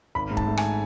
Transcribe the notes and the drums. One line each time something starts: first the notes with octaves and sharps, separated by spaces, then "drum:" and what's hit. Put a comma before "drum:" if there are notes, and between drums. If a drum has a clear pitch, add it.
G#1 B5
G#2
A5, drum: kick
A3
G#5, drum: rim click